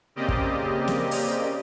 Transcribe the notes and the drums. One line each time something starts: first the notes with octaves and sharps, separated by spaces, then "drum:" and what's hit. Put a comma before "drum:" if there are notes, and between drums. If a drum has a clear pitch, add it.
C#3 A#3 C4 G4 D5 D#5
drum: kick
drum: snare
drum: open hi-hat